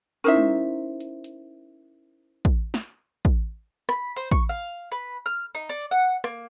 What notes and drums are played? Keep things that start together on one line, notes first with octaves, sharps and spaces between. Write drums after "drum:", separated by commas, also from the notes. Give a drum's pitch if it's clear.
C#4 D#4 E4 A#4 C5 E5
drum: tom G3
drum: hi-hat
drum: hi-hat
drum: kick
drum: snare
drum: kick
B5, drum: rim click
C5, drum: open hi-hat
C#6, drum: kick
F5
B4
F6
D#4
D5
drum: tambourine
F#5
A#3, drum: rim click